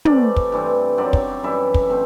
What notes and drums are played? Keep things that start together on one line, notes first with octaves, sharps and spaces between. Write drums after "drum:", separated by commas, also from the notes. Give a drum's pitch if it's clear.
C3 E3 A3 D5, drum: tom
drum: kick
G2 E3 A3 C4
F#2 F#3 C4 D5
drum: kick
F#2 E3 G3 E5
drum: kick
B2 A3 C4